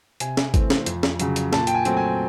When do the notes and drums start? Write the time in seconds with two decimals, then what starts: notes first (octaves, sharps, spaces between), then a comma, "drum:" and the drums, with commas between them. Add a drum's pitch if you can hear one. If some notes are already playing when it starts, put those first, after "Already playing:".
0.20 C3 G#5, drum: hi-hat
0.37 drum: snare
0.54 E3 A3 C4, drum: kick, hi-hat
0.70 drum: snare
0.86 F2, drum: hi-hat
1.03 drum: snare
1.20 C#3 F#3, drum: hi-hat
1.36 drum: hi-hat
1.53 A#2 A5, drum: snare
1.67 G5, drum: hi-hat
1.75 G#5
1.85 F#3 A3 C4, drum: hi-hat
1.97 G#5